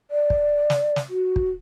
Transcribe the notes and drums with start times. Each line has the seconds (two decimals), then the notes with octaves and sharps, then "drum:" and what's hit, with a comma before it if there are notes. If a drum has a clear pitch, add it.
0.11 D5
0.30 drum: kick
0.70 drum: snare
0.96 drum: snare
1.09 F#4
1.36 drum: kick